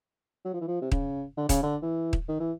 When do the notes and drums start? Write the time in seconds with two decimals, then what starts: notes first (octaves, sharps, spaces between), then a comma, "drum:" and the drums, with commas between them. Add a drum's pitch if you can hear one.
0.45 F#3
0.54 F3
0.61 E3
0.68 F3
0.82 C3
0.92 C#3, drum: kick D#1
1.37 D3
1.49 C#3, drum: kick D#1, hi-hat
1.63 D3
1.82 E3
2.13 drum: kick D#1
2.29 D#3
2.40 E3